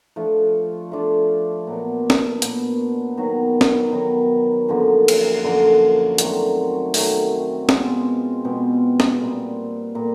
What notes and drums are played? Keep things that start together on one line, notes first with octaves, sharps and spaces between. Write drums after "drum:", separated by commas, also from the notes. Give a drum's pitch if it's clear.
F3 A3 D4 F4
F3 A3 D4 F4
A#2 F#3 B3
drum: snare
A#2 F#3 B3, drum: hi-hat
D#3 F#3 B3
drum: snare
D#3 F#3 B3
F#2 D3 F3 A#3
drum: cymbal
F#2 D3 F3 A#3
D#3 F#3 A3 C4, drum: hi-hat
D#3 F#3 A3 C4, drum: open hi-hat
B2 G#3 C4 F4, drum: snare
B2 G#3 C4 F4
drum: snare
A#2 G3 A#3
A#2 G3 A#3